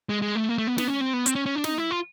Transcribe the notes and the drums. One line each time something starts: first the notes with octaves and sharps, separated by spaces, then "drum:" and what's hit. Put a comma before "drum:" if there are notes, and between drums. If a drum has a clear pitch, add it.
G#3
G#3
A3
A#3
A3
B3
B3, drum: snare
C#4
C4
B3
C4, drum: hi-hat
C#4
C#4
D4
D#4, drum: snare
E4
F4